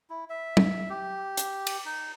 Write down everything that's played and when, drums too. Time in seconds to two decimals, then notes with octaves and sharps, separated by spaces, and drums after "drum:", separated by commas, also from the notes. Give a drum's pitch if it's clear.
0.10 E4
0.30 E5
0.57 drum: tom
0.90 G4
1.37 drum: hi-hat
1.67 drum: cymbal
1.85 D#4